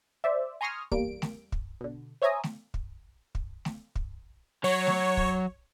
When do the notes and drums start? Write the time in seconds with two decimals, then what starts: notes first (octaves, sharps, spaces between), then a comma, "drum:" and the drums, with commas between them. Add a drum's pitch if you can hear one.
0.24 C5 D5 E5
0.61 G#5 A#5 C6 C#6 D#6 F6
0.91 E2 G3 A#3 D7, drum: kick
1.22 drum: snare A3
1.52 drum: kick
1.81 B2 D3
2.22 C5 C#5 E5 G#5 A#5 D#6
2.44 drum: snare A3
2.74 drum: kick
3.35 drum: kick
3.65 drum: snare A3
3.96 drum: kick
4.64 F#3 C#5
4.87 drum: snare A3
5.17 drum: kick